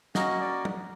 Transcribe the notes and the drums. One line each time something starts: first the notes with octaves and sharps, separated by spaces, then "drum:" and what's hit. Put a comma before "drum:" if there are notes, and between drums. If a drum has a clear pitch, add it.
A#3 C#4 F#4 D#5, drum: snare
D5
drum: tom F#3